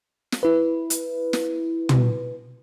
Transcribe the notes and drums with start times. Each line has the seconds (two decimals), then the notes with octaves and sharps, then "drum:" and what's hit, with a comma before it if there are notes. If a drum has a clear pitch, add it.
0.32 drum: snare
0.43 E4 B4
0.90 drum: hi-hat
1.33 drum: snare
1.89 drum: tom